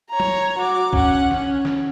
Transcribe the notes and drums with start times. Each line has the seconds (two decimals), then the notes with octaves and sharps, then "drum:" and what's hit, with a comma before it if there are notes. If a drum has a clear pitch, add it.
0.10 C#5 A#5
0.20 drum: tom F#3
0.58 F#4 D6
0.93 C#4 F#5, drum: kick C2
1.31 C#4, drum: snare
1.65 drum: snare